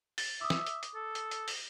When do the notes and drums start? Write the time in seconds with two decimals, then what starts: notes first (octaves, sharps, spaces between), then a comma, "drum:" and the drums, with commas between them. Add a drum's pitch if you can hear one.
0.18 A6, drum: open hi-hat
0.41 E5 D6 D#6
0.50 drum: snare
0.67 drum: hi-hat
0.83 drum: hi-hat
0.95 A4
1.15 drum: hi-hat
1.31 drum: hi-hat
1.48 drum: open hi-hat